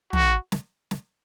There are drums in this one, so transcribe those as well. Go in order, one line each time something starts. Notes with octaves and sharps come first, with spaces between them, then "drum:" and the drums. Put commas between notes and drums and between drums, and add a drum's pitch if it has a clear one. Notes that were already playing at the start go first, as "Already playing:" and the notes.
F#4, drum: tom
drum: snare
drum: snare